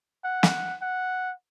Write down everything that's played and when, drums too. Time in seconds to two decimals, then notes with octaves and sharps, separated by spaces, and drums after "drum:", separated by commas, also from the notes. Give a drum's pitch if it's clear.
0.24 F#5
0.43 drum: snare
0.81 F#5